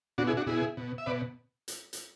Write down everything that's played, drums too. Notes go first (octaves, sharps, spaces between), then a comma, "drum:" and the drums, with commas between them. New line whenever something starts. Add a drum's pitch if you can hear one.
B2 D4 F#4
E4 G#4
D4 F#4
B2 E4 G#4
B2
E5
B2 B4 D5
drum: hi-hat
drum: hi-hat